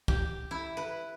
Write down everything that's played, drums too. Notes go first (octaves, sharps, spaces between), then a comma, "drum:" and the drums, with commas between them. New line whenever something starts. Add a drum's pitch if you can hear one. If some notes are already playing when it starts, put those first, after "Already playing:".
G4, drum: kick
E4
B4